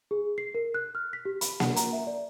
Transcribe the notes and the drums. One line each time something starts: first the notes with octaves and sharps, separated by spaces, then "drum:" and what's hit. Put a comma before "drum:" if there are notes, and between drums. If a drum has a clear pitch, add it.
G#4
C7
A#4
F#6
F6
B6
G4
B5, drum: hi-hat
F#5, drum: snare A#3
A#5, drum: hi-hat
E5
D5